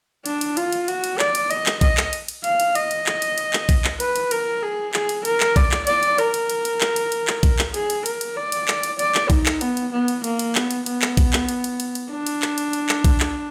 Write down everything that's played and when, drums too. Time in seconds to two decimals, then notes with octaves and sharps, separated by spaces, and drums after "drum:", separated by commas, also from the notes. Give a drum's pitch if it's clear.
0.26 D4, drum: cymbal
0.41 drum: cymbal
0.57 F4, drum: cymbal
0.72 drum: cymbal
0.88 F#4, drum: cymbal
1.04 drum: cymbal
1.19 D5, drum: clap
1.35 drum: cymbal
1.51 D#5, drum: cymbal
1.66 drum: clap
1.81 D#5, drum: kick A#1, cymbal
1.97 drum: clap
2.13 drum: cymbal
2.28 drum: cymbal
2.44 F5, drum: cymbal
2.60 drum: cymbal
2.75 D#5, drum: cymbal
2.91 drum: cymbal
3.06 drum: clap
3.22 drum: cymbal
3.38 drum: cymbal
3.53 drum: clap
3.69 drum: kick A#1, cymbal
3.84 drum: clap
4.00 B4, drum: cymbal
4.16 drum: cymbal
4.31 A#4, drum: cymbal
4.62 G#4
4.94 G#4, drum: clap
5.09 drum: cymbal
5.25 A#4, drum: cymbal
5.40 drum: clap
5.56 D5, drum: kick A#1, cymbal
5.72 drum: clap
5.87 D5, drum: cymbal
6.03 drum: cymbal
6.18 A#4, drum: cymbal
6.34 drum: cymbal
6.49 drum: cymbal
6.65 drum: cymbal
6.81 drum: clap
6.96 drum: cymbal
7.12 drum: cymbal
7.27 drum: clap
7.43 drum: kick A#1, cymbal
7.59 drum: clap
7.74 G#4, drum: cymbal
7.90 drum: cymbal
8.06 A#4, drum: cymbal
8.21 drum: cymbal
8.37 D5
8.52 drum: cymbal
8.68 drum: clap
8.83 drum: cymbal
8.99 D5, drum: cymbal
9.15 drum: clap
9.30 D#4, drum: kick A#1, cymbal
9.46 drum: clap
9.61 B3, drum: cymbal
9.77 drum: cymbal
9.93 B3
10.08 drum: cymbal
10.24 A#3, drum: cymbal
10.39 drum: cymbal
10.55 B3, drum: clap
10.71 drum: cymbal
10.86 B3, drum: cymbal
11.02 drum: clap
11.17 drum: kick A#1, cymbal
11.33 drum: clap
11.49 drum: cymbal
11.64 drum: cymbal
11.80 drum: cymbal
11.95 drum: cymbal
12.11 D4
12.27 drum: cymbal
12.42 drum: clap
12.58 drum: cymbal
12.73 drum: cymbal
12.89 drum: clap
13.04 drum: kick A#1, cymbal
13.20 drum: clap